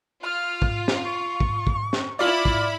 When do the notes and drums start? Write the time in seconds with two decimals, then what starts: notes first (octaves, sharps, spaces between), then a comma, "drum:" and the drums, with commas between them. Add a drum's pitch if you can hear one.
0.23 F4 F6
0.62 drum: kick
0.88 drum: snare
1.04 C#6
1.40 drum: kick
1.67 drum: kick
1.93 drum: snare
2.19 E4 F4 D5 B5
2.45 drum: kick